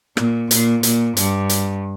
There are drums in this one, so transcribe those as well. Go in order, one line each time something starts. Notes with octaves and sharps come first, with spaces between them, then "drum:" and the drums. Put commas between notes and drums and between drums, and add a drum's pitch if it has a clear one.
A#2, drum: rim click
A#2, drum: hi-hat
A#2, drum: hi-hat
G2, drum: hi-hat
drum: hi-hat